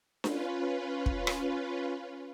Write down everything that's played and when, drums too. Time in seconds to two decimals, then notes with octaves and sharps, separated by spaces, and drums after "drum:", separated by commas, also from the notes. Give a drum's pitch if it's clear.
0.24 C#4 F4 B4, drum: snare D4
1.06 drum: kick
1.27 drum: rim click